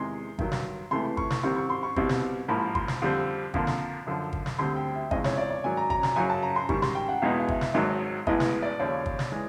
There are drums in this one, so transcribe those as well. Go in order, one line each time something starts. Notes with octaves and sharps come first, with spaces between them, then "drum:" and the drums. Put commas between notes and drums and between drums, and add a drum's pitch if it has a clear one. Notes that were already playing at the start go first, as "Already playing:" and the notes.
Already playing: E2 C3 D#3 G#3 C6
G2 D#3 F#3, drum: kick
drum: snare
C#2 C3 E3 A3 C6
C#6, drum: kick
drum: snare
C2 C3 D#3 G3 C4 C#6
C#6
C6
C#6
C2 B2 G3 C4, drum: kick
drum: snare
A1 G#2 F3 A#3 B5
C6, drum: kick
drum: snare
F2 D3 G3 C4
F2 D3 F3 A#3, drum: kick
drum: snare
F#2 D3 F3
drum: kick
drum: snare
D2 D3 G3 C4 C6
G5
E5
E2 C#3 F3 G#3 C4 D#5, drum: kick
C#5, drum: snare
D5
D5
G#2 D#3 F#3 G#5
A#5
A#5, drum: kick
A#5, drum: snare
F#2 C#3 F#3 G#5
A5
A#5
C6
G#2 D#3 G3 C#6, drum: kick
C6, drum: snare
G5
F#5
E2 B2 G#3 B3 D#4 F5
F5
E5, drum: kick
drum: snare
G#1 G#2 D#3 F#3 D#5
A1 A2 E3 G#3 B3 D#5, drum: kick
drum: snare
D5
D#2 C#3 F3 C#5
drum: kick
drum: snare
E3 G#3